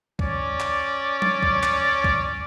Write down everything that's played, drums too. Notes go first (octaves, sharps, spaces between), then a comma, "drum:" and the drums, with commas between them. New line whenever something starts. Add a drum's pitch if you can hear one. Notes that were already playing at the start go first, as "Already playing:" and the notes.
C#4 D5, drum: kick
drum: clap
drum: tom F#3
drum: kick
drum: clap
drum: kick